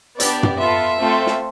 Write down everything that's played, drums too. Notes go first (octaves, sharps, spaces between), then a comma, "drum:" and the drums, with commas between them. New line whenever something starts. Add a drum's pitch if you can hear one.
B3 D4 G4 D5, drum: hi-hat
drum: tom
B3 F4 A4 E5
A3 C4 F4 A4
drum: snare